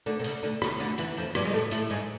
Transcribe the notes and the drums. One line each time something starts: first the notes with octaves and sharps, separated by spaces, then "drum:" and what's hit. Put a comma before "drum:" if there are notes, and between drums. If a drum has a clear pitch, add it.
D2 D3
C3
C#3, drum: hi-hat
D2 D3
C#3, drum: rim click
D2 D3
E2 E3, drum: hi-hat
F2 F3
G2 G3, drum: rim click
G#3
A2 A3
A2 A3, drum: hi-hat
G#2 G#3